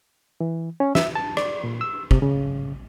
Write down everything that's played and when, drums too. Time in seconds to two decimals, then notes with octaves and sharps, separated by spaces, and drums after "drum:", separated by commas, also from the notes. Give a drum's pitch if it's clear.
0.40 E3
0.80 C#4
0.95 E5, drum: snare
1.15 A5
1.37 D5, drum: rim click
1.64 A#2
1.81 E6
2.11 C3, drum: kick
2.22 C#3